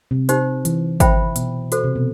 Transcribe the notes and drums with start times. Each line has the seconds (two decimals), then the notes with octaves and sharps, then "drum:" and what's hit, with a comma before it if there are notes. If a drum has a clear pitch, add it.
0.11 C3
0.29 C3 D#4 G4 C5, drum: hi-hat
0.65 E3, drum: hi-hat
1.00 C5 E5 G5 B5, drum: kick G#1, hi-hat
1.36 B2, drum: hi-hat
1.72 F#4 A4 C5, drum: hi-hat
1.84 C3
1.96 B2